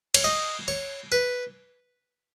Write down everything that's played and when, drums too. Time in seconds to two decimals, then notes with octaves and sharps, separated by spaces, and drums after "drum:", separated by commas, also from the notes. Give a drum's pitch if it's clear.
0.14 C#5, drum: cymbal
0.24 D#5
0.68 C#5
1.12 B4